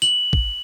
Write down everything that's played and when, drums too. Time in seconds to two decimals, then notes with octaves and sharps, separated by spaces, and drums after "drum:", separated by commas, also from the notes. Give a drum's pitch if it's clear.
0.02 F#7, drum: tambourine
0.33 drum: kick